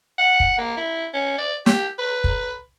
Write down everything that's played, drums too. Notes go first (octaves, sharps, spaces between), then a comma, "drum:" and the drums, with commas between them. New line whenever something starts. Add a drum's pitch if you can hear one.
F#5
drum: kick
A#3
E4
C#4
D5
G4, drum: snare
B4
drum: kick